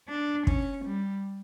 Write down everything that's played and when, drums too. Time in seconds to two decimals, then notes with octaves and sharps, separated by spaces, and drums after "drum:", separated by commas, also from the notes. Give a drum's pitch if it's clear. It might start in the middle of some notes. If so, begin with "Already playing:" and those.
0.09 D4
0.47 C#4, drum: kick
0.85 G3